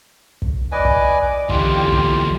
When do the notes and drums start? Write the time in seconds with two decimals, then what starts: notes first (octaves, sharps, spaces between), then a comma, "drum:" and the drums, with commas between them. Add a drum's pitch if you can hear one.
0.42 drum: kick
0.72 B4 D5 D#5 G#5
0.85 drum: kick
1.49 E2 D3 E4 F4 G4, drum: kick
1.92 drum: kick